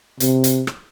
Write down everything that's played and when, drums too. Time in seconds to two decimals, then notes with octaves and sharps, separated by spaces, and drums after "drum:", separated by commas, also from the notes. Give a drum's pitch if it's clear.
0.20 C3, drum: hi-hat
0.44 drum: hi-hat
0.67 drum: rim click